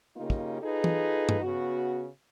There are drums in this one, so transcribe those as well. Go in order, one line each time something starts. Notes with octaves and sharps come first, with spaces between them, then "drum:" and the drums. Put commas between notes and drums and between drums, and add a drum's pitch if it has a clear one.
C#3 A#3 D#4 F4 G4
drum: kick
D#4 F4 G#4 A4 B4
drum: tom E3
drum: tom
C#3 B3 F#4